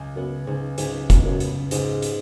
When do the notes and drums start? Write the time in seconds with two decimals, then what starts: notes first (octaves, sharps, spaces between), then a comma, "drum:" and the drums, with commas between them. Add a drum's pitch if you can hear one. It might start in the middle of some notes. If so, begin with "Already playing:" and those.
Already playing: C#2
0.16 F#2 B3
0.47 C#2 G#2
0.78 C#2 G#2, drum: hi-hat
1.10 B3, drum: kick, hi-hat
1.25 F#2
1.40 B3, drum: hi-hat
1.71 C#2 G#2, drum: hi-hat
2.02 drum: hi-hat